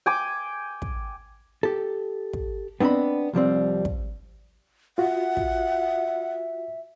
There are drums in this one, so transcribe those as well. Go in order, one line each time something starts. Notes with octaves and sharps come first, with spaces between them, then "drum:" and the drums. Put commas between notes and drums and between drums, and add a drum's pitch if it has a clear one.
G5 G#5 D6
drum: kick
G4 A4
drum: kick
B3 C4 D4 D#5 B5
C2 F3 G3 C4
drum: kick
F4 F#4 E5 F#5
drum: kick